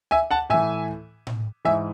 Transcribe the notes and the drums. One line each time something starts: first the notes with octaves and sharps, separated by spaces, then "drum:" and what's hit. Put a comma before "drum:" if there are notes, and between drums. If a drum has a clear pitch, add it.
E5 G#5
F#5 A5
A2 E3 E5 G#5
drum: tom A2
G#2 E3 E5 G#5